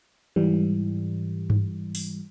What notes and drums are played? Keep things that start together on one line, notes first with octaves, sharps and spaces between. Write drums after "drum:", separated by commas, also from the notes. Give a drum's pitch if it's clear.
G#2 E3 G3
drum: tom G2
drum: open hi-hat